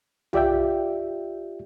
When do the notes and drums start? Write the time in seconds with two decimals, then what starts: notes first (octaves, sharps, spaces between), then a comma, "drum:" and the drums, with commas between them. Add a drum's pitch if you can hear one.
0.33 F4 G4 D5 E5 G5, drum: tom B1